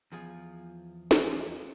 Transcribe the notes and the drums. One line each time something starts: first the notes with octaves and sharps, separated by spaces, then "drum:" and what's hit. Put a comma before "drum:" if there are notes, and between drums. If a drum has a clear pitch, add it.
E2 F3 F4 G#4
drum: snare